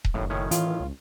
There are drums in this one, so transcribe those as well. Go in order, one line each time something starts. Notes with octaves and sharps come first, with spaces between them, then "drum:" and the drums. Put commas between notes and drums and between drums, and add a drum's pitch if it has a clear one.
drum: kick D#1
F#1 D#2 A2
A2 D#3 C#4
E3 F4, drum: hi-hat
C#2